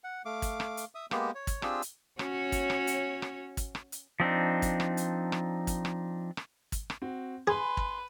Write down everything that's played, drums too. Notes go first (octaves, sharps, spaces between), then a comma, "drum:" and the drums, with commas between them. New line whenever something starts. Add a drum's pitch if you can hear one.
F#5
A3 F5 D6
drum: kick, hi-hat
drum: rim click
drum: hi-hat
E5 D#6
G#3 A#3 B3 G4, drum: rim click
C#5
drum: kick, hi-hat
C4 D4 F4 G4 G#4 E6, drum: rim click
drum: hi-hat
C#4 F#4 C#5, drum: rim click
drum: kick, hi-hat
drum: rim click
drum: hi-hat
drum: rim click
drum: kick, hi-hat
drum: rim click
drum: hi-hat
F3 C4 D4 D#4
drum: kick, hi-hat
drum: rim click
drum: hi-hat
drum: rim click
drum: kick, hi-hat
drum: rim click
drum: rim click
drum: kick, hi-hat
drum: rim click
C4 F#4
G#4 B4 G#5 B5 C6
drum: kick